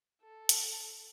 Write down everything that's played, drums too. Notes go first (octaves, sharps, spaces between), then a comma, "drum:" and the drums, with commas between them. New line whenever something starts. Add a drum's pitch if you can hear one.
A4
drum: hi-hat